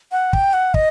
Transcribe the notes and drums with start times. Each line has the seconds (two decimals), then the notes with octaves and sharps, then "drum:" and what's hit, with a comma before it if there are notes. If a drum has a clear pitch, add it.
0.12 F#5
0.33 G5, drum: kick
0.53 F#5
0.74 D#5, drum: kick